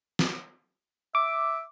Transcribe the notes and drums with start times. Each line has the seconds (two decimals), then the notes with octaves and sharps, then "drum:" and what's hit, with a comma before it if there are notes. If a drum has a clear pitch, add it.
0.19 drum: snare
1.15 E5 D6